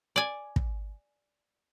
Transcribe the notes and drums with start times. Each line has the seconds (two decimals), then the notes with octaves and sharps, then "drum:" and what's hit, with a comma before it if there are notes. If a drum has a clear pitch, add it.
0.16 D5 G#5
0.56 drum: kick